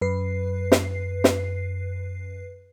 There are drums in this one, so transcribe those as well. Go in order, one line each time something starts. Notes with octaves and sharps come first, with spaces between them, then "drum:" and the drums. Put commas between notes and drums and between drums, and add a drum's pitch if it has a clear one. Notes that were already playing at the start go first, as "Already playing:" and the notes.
F#2 B4 C7
drum: snare
drum: snare